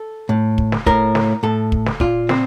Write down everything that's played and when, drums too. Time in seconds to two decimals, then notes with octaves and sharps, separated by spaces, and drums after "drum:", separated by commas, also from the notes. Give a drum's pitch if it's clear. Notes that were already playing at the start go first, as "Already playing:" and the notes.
Already playing: A4
0.29 A2
0.58 drum: kick
0.72 drum: snare
0.86 A2 A#4, drum: kick
1.15 drum: snare
1.43 A2 A4
1.72 drum: kick
1.86 drum: snare
2.00 A#2 F4, drum: kick
2.29 C4, drum: snare